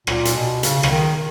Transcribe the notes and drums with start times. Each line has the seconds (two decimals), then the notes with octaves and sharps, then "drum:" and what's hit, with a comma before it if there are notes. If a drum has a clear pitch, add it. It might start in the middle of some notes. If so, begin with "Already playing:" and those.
0.07 A#2, drum: rim click
0.25 drum: hi-hat
0.34 B2
0.63 C#3, drum: hi-hat
0.83 C#3, drum: rim click
0.91 D#3